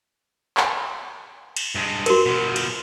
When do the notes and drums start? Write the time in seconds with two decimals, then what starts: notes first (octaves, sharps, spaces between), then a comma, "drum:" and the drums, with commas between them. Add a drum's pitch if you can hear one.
0.57 drum: clap
1.57 drum: cymbal
1.75 G2 G#3
2.06 F#4 A#4, drum: cymbal
2.26 B2 F3
2.56 drum: cymbal